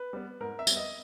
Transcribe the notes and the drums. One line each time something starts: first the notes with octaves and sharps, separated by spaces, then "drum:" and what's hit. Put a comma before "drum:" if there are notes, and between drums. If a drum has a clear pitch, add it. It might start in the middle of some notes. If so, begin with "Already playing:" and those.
Already playing: B4
G3 B3
G#2 A#4
E5
G3 B3, drum: tambourine
D#5